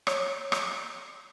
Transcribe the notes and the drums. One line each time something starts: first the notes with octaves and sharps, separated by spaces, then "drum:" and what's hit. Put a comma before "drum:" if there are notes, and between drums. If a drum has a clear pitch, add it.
C#5, drum: rim click
drum: rim click